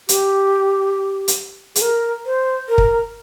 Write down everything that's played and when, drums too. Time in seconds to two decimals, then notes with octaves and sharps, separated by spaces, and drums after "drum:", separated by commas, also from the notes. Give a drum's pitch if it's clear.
0.09 G4, drum: hi-hat
1.28 drum: hi-hat
1.75 G#4, drum: hi-hat
1.81 A#4
2.26 C5
2.69 A#4
2.78 drum: kick